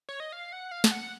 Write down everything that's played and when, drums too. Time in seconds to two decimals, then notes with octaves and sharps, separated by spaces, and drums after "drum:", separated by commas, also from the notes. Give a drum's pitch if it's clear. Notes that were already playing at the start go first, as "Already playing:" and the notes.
0.09 C#5
0.20 D#5
0.33 F5
0.52 F#5
0.71 F5
0.84 A5, drum: snare
0.91 F#5